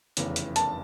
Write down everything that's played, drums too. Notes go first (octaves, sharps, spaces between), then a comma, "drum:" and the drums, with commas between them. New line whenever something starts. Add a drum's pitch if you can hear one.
F1 E2 C#3, drum: hi-hat
drum: hi-hat
A5, drum: hi-hat